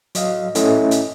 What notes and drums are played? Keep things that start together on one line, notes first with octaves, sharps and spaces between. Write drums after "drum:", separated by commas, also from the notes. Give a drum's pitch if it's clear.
F#3 D#5 F5, drum: hi-hat
A3 C#4 E4 A4 D#5 E5, drum: hi-hat
drum: hi-hat